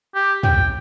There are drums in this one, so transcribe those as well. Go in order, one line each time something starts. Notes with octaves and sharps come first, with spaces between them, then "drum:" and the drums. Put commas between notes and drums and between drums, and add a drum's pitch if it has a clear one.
G4
G5, drum: tom